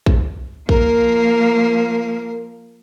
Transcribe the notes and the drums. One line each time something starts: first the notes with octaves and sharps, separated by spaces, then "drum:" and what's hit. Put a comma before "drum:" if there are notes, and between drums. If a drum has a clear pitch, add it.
drum: kick
F3 A#3 A#4, drum: kick